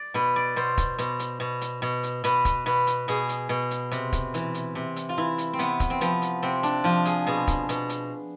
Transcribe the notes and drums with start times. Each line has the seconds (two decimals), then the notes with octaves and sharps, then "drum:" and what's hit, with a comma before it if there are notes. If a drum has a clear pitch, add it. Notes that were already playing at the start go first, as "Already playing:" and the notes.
Already playing: D5
0.14 B2 B4
0.36 D5
0.56 B2 C5
0.78 drum: kick, hi-hat
0.99 B2, drum: hi-hat
1.19 drum: hi-hat
1.40 B2
1.61 drum: hi-hat
1.82 B2
2.03 drum: hi-hat
2.24 B2 B4, drum: hi-hat
2.45 drum: kick, hi-hat
2.66 B2 B4
2.87 drum: hi-hat
3.08 B2 G#4
3.29 drum: hi-hat
3.49 B2
3.71 drum: hi-hat
3.92 C3, drum: hi-hat
4.13 drum: kick, hi-hat
4.34 E3, drum: hi-hat
4.54 drum: hi-hat
4.75 C3
4.96 drum: hi-hat
5.09 F4
5.18 E3 E4
5.38 drum: hi-hat
5.53 C4
5.59 C3 B3, drum: hi-hat
5.80 drum: kick, hi-hat
5.90 C4
6.01 F3 B3, drum: hi-hat
6.22 drum: hi-hat
6.43 C3 C4
6.63 D4, drum: hi-hat
6.84 F3 F4
7.05 G#4, drum: hi-hat
7.26 B2 G#4
7.48 drum: kick, hi-hat
7.69 B2, drum: hi-hat
7.89 drum: hi-hat